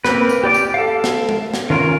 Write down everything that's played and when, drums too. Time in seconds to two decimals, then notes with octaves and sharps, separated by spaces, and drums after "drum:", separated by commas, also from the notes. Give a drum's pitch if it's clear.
0.05 A#3 C4 B4, drum: snare
0.29 drum: tambourine
0.44 G4 D5 D6
0.54 drum: tambourine
0.74 A4 F5
1.04 drum: snare
1.29 drum: tom G#3
1.54 drum: snare
1.70 D#3 C#4 F4 A#4